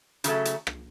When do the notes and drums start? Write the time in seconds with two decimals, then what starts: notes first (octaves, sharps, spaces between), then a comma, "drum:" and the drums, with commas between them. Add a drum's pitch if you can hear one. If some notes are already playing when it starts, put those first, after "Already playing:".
0.24 C#3 F#3 A3, drum: hi-hat
0.45 drum: hi-hat
0.67 drum: rim click